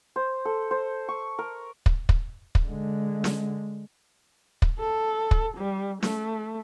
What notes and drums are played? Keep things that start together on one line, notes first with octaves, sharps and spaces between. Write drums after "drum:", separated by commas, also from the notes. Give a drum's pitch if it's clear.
C5
A4
C5
C#6
A#4
drum: kick
drum: kick
drum: kick
D3 G#3
drum: snare
drum: kick
A4
drum: kick
G3
A3, drum: snare